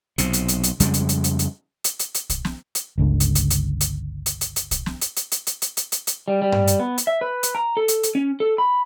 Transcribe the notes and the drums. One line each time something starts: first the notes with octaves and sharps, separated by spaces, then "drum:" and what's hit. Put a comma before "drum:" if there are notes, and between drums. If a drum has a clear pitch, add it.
B1 C3, drum: hi-hat
drum: hi-hat
drum: hi-hat
drum: hi-hat
F2 C#3 G3 G#3, drum: hi-hat
drum: hi-hat
drum: hi-hat
drum: hi-hat
drum: hi-hat
drum: hi-hat
drum: hi-hat
drum: hi-hat
drum: kick, hi-hat
drum: snare
drum: hi-hat
G1 C#2 D3
drum: hi-hat
drum: hi-hat
drum: hi-hat
drum: hi-hat
drum: hi-hat
drum: hi-hat
drum: hi-hat
drum: kick, hi-hat
drum: snare
drum: hi-hat
drum: hi-hat
drum: hi-hat
drum: hi-hat
drum: hi-hat
drum: hi-hat
drum: hi-hat
drum: hi-hat
G3
G3
drum: tom G2
drum: hi-hat
B3
drum: hi-hat
E5
B4
drum: hi-hat
A#5
A4
drum: hi-hat
drum: hi-hat
C#4
A4
B5